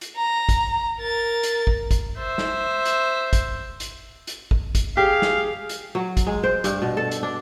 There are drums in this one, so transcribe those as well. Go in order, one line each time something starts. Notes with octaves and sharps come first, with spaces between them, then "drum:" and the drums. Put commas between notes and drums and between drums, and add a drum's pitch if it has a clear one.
drum: hi-hat
A#5
drum: kick, hi-hat
A#4 A6
drum: hi-hat
drum: kick
drum: kick, hi-hat
C5 E5
drum: snare
drum: hi-hat
drum: kick, hi-hat
drum: hi-hat
drum: hi-hat
drum: kick
drum: kick, hi-hat
G4 G#4 F5
drum: snare
drum: hi-hat
F#3
drum: kick, hi-hat
G#3
C5
G2, drum: hi-hat
B2
A4
drum: hi-hat
D4